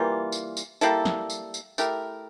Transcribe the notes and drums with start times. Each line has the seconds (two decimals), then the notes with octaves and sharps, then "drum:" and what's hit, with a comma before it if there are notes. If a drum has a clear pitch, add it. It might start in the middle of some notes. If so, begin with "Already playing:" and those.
Already playing: E3 G3 A#3 F4
0.32 drum: tambourine
0.57 drum: tambourine
0.81 G3 A#3 E4 A4, drum: tambourine
1.05 drum: snare
1.30 drum: tambourine
1.54 drum: tambourine
1.78 A3 E4 G4 A#4, drum: tambourine